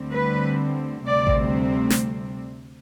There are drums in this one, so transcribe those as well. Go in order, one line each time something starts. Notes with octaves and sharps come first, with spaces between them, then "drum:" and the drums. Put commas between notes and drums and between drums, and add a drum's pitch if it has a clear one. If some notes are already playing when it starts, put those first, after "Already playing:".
Already playing: D2 D3 G3 C4
B4
D2 C3 G3 C4 D5
drum: kick A1
drum: snare